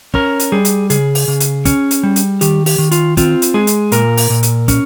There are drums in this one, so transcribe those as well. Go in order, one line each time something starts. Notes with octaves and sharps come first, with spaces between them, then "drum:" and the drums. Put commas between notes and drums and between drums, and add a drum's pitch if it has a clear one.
C#4 A#4, drum: kick
drum: hi-hat
G3 G#4
drum: hi-hat
C#3 G#4, drum: hi-hat
drum: open hi-hat
C#3
drum: hi-hat
C#4, drum: kick, hi-hat
drum: hi-hat
G3
drum: hi-hat
D#3 G4, drum: hi-hat
G4, drum: open hi-hat
D#3
F4, drum: hi-hat
C4 F4, drum: kick, hi-hat
drum: hi-hat
G#3 G#4
drum: hi-hat
A#2 A#4, drum: hi-hat
drum: open hi-hat
A#2
drum: hi-hat
C#4, drum: kick, hi-hat